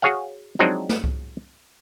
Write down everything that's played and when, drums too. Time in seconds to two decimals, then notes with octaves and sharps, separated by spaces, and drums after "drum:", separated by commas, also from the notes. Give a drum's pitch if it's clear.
0.02 F#4 G#4 C#5 F5 F#5
0.59 F3 F#3 G#3 C4 D4 D#4
0.89 drum: snare
1.04 drum: kick C2